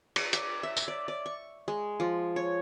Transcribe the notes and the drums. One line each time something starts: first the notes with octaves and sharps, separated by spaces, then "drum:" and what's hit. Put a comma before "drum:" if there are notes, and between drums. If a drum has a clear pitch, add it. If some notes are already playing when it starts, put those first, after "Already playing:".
D5, drum: cymbal
D5, drum: hi-hat
E5
drum: tambourine
D5
D5
C#6
G#3
F3
C#5